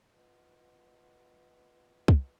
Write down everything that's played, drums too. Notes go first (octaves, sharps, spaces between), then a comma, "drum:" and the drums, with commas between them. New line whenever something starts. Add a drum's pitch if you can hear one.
F4 B4 D#5 F#5
drum: kick